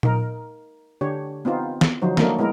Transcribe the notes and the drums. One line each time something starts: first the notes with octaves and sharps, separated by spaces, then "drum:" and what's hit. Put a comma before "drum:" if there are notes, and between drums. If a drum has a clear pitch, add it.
D#4 A#4, drum: tom A#2
D3 D4 G4 C#5
B3 C4 D#4 F4
drum: snare
D3 F3 F#3 D#4 C5
F#3 A3 A#3 D4 D#4 A#4, drum: snare
G#3 B3 E4 A#4